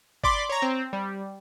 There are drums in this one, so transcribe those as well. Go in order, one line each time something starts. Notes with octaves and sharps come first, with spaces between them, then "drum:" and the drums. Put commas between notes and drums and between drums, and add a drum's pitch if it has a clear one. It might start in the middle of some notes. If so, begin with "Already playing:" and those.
D5 B5 C6 D6, drum: kick G1
C#5 A#5
C4
G3